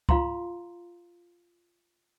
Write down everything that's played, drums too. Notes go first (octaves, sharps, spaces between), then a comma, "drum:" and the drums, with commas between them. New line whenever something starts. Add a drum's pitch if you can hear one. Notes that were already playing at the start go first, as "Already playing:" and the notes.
F4 F5 A#5 C6, drum: kick C#2